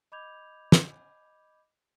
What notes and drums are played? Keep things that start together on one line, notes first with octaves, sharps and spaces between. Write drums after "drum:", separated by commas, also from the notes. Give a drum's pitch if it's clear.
D#5 B5 D6 G6 G#6 F7
drum: snare